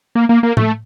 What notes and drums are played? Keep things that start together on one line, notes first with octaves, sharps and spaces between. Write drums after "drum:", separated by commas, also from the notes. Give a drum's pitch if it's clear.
A#3
A#3
A#3
A3, drum: tom A2